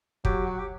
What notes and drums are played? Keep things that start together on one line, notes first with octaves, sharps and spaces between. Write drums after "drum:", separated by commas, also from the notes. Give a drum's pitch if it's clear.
F#3 G4, drum: kick
F#4
G4